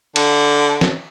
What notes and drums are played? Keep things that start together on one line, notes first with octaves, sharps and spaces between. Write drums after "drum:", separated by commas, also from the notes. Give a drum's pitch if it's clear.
D3, drum: cymbal
drum: snare